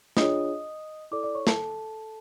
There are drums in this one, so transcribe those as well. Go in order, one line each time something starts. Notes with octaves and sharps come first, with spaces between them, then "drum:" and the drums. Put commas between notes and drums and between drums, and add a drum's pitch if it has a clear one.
D4 F4 G#4 C#5 D#5 D#6, drum: snare
E4 A4 D5 D6
D5 D6
C#5 C#6
A4 A5, drum: snare